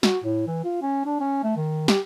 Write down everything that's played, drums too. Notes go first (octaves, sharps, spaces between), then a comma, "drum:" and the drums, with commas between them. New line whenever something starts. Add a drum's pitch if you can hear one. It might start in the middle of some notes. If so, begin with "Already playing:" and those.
F#4, drum: snare
A2
E3
F4
C#4
D4
C#4
A3
D#3
G4, drum: snare